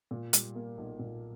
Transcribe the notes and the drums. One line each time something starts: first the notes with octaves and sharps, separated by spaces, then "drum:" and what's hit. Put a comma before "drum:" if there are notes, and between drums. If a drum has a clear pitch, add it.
A#2
G3, drum: hi-hat
A#3
B1
A#2